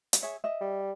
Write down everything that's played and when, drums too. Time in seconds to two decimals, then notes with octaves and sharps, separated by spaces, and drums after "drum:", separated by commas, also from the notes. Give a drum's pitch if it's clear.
0.13 drum: hi-hat
0.22 G#4 C#5 E5
0.44 D#5 E5
0.61 G3